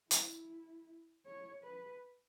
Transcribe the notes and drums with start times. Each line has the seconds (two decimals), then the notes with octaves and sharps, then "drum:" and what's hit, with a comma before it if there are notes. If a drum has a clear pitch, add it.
0.11 E4, drum: hi-hat
1.26 C#5
1.64 B4